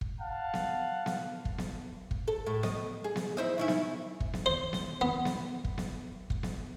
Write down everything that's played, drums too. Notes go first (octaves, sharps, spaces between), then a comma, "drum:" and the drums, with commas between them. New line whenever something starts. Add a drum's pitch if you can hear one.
drum: kick
F5 F#5 A5
drum: snare B3
drum: snare B3
drum: kick
drum: snare B3
drum: kick
A4
A2
D#5, drum: snare B3
G#4
drum: snare B3
E4 C5 D#5
D#3 C#4 E4
drum: snare B3
drum: kick
drum: snare B3
C5
drum: snare B3
B3
drum: snare B3
drum: kick
drum: snare B3
drum: kick
drum: snare B3